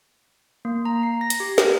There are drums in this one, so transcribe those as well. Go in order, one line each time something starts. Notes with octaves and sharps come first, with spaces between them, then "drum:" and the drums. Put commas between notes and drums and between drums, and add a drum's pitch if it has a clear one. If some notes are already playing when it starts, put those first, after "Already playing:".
A#3
A#5
C7
A#6
drum: hi-hat
G4
A#4, drum: snare